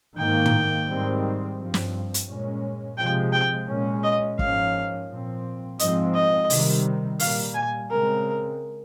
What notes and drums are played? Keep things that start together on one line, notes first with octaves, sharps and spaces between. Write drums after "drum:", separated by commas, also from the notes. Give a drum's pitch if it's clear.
G#2 D#3 A#3 G5
drum: tom
G#2 D#3 G3 C4
G2 F3 C4
drum: snare
drum: hi-hat
A#2 G#3 C#4
C3 F3 G#3 G5
G5
A#2 G#3 C#4
D#5
G#2 F3 A#3 C#4 F5, drum: kick
A#2 F3 C4
G#2 F3 G#3 C4 D#5, drum: hi-hat
D#5
C3 D#3 G3, drum: open hi-hat
A#2 G3 A#3 F5, drum: open hi-hat
G#5
C#3 G#3 C4 A#4